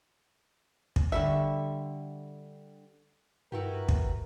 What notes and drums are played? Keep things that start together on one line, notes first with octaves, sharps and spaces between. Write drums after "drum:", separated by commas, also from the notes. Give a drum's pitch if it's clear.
drum: kick
D3 G3 E5 C#6
G2 E4 F#4 G4 A#4 B4
drum: kick